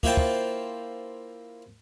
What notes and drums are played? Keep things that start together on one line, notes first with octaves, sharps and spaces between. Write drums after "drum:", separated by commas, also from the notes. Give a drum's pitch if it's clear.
A#3 E4 F4 C5 G5 A5, drum: kick
drum: kick